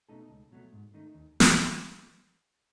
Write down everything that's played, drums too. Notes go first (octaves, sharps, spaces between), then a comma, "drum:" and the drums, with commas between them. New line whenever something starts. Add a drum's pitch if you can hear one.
B2 A3 D#4 A4
C#2
B2 F#3 A3
G#2
D#3 A3 D#4
D#2
drum: snare